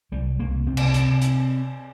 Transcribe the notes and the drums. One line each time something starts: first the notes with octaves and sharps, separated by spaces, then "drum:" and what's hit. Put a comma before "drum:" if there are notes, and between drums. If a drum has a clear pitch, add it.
C2 G3
C2 A#3
C3 C4
drum: cymbal
C3, drum: hi-hat
drum: hi-hat